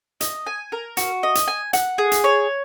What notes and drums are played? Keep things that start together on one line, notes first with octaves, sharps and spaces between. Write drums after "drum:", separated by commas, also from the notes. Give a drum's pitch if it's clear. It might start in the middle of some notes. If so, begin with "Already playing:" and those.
D#5, drum: hi-hat
G#5
A#4
F#4, drum: hi-hat
D#5
drum: hi-hat
G#5
F#5, drum: hi-hat
G#4
drum: hi-hat
C#5